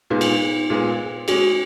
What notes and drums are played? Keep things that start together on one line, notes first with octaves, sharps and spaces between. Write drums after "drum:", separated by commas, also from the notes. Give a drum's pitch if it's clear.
A#2 G#3 B3 D#4
drum: cymbal
A#2 G#3 B3
G#3 C#4 F#4 G#4, drum: cymbal